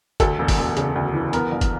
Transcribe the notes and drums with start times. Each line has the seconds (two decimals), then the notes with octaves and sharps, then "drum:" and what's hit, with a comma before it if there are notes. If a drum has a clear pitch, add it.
0.20 D2 A4, drum: kick, hi-hat
0.39 E1
0.48 drum: kick, open hi-hat
0.58 E1
0.77 C#3, drum: hi-hat
0.96 D2
1.14 E3
1.33 B3 A#4, drum: hi-hat
1.52 A#1
1.61 drum: kick, hi-hat